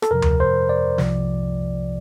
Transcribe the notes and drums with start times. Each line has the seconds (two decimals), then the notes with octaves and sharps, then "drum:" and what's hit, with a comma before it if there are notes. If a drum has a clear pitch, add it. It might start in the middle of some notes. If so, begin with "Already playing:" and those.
0.02 A4, drum: rim click
0.11 F2 C3 F3 A#4
0.22 drum: tom D2
0.40 C5
0.69 D5
0.98 C2 C3 F3, drum: snare